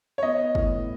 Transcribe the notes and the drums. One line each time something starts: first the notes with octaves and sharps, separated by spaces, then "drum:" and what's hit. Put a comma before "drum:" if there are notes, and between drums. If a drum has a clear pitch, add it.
C#5
B3 D#5
A2, drum: kick G1